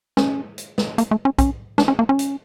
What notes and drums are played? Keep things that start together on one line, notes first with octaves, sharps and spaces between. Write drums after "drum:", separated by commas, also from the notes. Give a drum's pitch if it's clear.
C#4, drum: snare
drum: hi-hat
drum: snare
A#3, drum: hi-hat
A3
C#4
C#4, drum: kick A#1, hi-hat
D4, drum: snare
C#4
A#3
C#4
drum: hi-hat